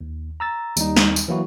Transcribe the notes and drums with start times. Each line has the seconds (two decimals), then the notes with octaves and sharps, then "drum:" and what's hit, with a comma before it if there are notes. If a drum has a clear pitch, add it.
0.01 D#2
0.40 A#5 E6 A6
0.77 D#2 G3 D#4, drum: tambourine
0.97 drum: snare
1.16 drum: tambourine
1.28 E3 F#3 A#3 E4 F#4